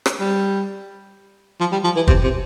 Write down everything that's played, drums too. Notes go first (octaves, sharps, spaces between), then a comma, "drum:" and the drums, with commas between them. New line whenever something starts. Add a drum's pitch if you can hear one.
drum: rim click
G3
F3
G3
F3
E3
C3, drum: kick
C3